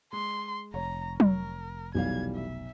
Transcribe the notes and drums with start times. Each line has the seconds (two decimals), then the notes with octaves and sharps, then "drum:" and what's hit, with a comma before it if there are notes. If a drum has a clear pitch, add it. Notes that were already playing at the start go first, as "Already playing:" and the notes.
0.13 G#3 C6
0.74 F1 C#5 A#5
1.20 A#4, drum: tom F#3
1.95 B1 E3 G3 F5 G#6
2.35 E5